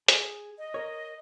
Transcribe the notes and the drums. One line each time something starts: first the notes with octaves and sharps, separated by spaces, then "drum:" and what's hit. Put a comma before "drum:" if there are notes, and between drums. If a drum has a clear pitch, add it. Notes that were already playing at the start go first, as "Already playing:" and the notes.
G#4, drum: hi-hat
D#5
A#4 C#5